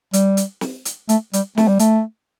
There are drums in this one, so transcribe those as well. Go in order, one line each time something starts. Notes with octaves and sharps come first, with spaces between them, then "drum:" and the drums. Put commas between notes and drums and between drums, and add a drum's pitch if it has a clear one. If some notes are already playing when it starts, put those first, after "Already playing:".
G3, drum: hi-hat
drum: hi-hat
drum: snare
drum: hi-hat
A3, drum: hi-hat
G3, drum: hi-hat
A3, drum: snare
G3
A3, drum: hi-hat